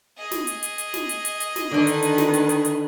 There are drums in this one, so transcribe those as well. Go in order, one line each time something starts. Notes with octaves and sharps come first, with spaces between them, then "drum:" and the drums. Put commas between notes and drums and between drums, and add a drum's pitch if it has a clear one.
G#4 D#5
drum: snare
drum: hi-hat
drum: hi-hat
drum: hi-hat
drum: snare
drum: hi-hat
drum: hi-hat
drum: hi-hat
drum: snare
D3 D#3 D4 B4
drum: hi-hat
drum: hi-hat
drum: snare
drum: hi-hat
drum: hi-hat
drum: hi-hat